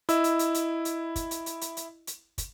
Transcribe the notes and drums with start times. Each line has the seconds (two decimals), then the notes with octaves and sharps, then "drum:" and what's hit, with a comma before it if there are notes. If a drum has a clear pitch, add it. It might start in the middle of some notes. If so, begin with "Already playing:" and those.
0.09 E4 D#5 E6, drum: hi-hat
0.24 drum: hi-hat
0.39 drum: hi-hat
0.54 drum: hi-hat
0.85 drum: hi-hat
1.16 drum: kick, hi-hat
1.31 drum: hi-hat
1.46 drum: hi-hat
1.61 drum: hi-hat
1.77 drum: hi-hat
2.07 drum: hi-hat
2.38 drum: kick, hi-hat